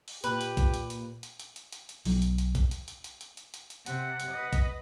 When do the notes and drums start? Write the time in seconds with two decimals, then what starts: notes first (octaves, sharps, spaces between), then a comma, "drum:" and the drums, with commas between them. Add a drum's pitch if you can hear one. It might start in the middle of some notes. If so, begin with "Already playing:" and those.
0.08 drum: open hi-hat
0.24 A#2 G4 B4, drum: hi-hat
0.41 drum: hi-hat
0.57 drum: kick A#1, hi-hat
0.74 drum: hi-hat
0.90 drum: hi-hat
1.23 drum: hi-hat
1.40 drum: hi-hat
1.56 drum: hi-hat
1.72 drum: hi-hat
1.89 drum: hi-hat
2.05 B1 F#3, drum: open hi-hat
2.22 drum: hi-hat
2.38 drum: hi-hat
2.55 drum: kick A#1, hi-hat
2.71 drum: hi-hat
2.88 drum: hi-hat
3.04 drum: hi-hat
3.21 drum: hi-hat
3.37 drum: hi-hat
3.54 drum: hi-hat
3.70 drum: hi-hat
3.86 C3 F#5, drum: hi-hat
4.20 drum: hi-hat
4.31 B4 D#5
4.53 drum: kick A#1, hi-hat